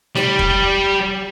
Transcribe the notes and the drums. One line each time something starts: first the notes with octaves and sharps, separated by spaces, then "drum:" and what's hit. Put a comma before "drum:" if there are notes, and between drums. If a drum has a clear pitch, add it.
G3, drum: snare
drum: kick